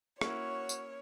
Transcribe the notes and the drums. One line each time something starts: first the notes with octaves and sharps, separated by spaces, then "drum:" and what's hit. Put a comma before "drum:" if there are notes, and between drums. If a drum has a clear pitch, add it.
A#3 C#4 E4 F#4 C#5, drum: rim click
drum: tambourine